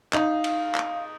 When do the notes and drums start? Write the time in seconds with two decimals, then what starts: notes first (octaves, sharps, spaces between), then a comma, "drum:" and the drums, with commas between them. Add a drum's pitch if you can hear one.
0.13 D#4 F5, drum: clap
0.44 drum: cymbal
0.75 drum: clap